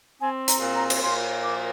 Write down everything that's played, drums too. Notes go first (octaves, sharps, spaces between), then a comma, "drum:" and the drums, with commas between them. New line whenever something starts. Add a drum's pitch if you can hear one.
C4 G#5
A#5, drum: hi-hat
A#2
A#5
drum: cymbal
A#2 C6
F3 D6